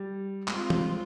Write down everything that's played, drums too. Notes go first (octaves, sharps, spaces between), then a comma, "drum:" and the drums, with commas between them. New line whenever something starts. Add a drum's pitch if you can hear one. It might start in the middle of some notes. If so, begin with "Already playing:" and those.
Already playing: G3
G3 G#3 C4 F4, drum: clap
drum: tom